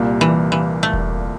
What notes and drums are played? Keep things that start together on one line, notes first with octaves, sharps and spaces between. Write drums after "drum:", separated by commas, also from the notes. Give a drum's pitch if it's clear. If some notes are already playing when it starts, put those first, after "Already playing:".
Already playing: C2 A#2 G3 A#3
E3
E3
A3
drum: kick E1